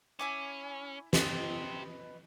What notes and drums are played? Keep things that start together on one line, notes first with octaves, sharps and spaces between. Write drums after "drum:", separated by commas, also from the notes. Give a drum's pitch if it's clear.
C#4 E4 G#5 D6
B3 G4 C5 D#5, drum: snare